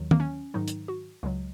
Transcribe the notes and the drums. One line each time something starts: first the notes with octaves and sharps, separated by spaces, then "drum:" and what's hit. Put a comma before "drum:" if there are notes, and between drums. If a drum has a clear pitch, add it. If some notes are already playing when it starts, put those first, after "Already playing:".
Already playing: D#2 D#3 F#3
A#3, drum: tom D#3
C#4
G#2 D#3 F#3 D#4
drum: hi-hat
F#4
C#2 C#3 F#3 G#3